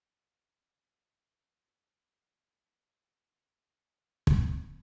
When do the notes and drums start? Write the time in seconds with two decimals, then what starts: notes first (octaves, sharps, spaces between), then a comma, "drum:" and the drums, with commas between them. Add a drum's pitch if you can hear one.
0.24 D5
1.64 G#4 C5
2.23 G#3 F4 F#4
2.75 G#2 B2 D3 B5 C#6 G6 C7
4.27 drum: kick